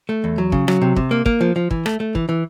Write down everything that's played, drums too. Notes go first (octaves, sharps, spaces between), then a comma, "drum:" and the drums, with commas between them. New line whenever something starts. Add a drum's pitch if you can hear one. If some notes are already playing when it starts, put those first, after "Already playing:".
A3
E2
F#3
C#3, drum: kick
F#3, drum: rim click
C3
C3, drum: kick
A#3
A#3, drum: kick
F3
F3
E3, drum: kick
A3, drum: rim click
A3
E3, drum: kick
E3